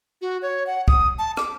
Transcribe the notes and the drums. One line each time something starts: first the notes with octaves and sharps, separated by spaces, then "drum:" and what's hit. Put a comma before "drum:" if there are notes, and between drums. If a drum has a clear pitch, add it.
F#4
C#5
F#5
D#6, drum: kick
A5
D6, drum: rim click